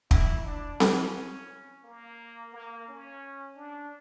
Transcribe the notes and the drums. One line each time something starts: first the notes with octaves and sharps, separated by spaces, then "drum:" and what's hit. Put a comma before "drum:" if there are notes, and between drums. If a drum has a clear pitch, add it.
E4, drum: kick
D4
C#4, drum: snare C4
A#3
A#3
C#4
D4